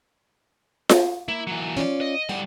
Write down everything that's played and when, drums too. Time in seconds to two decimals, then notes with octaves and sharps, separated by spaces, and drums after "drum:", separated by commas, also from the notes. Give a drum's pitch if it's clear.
0.89 drum: snare F4
1.28 A#3 E4
1.47 E3 F#3
1.77 C#4 F4 D5
2.01 D#5
2.29 A2 G3 F#5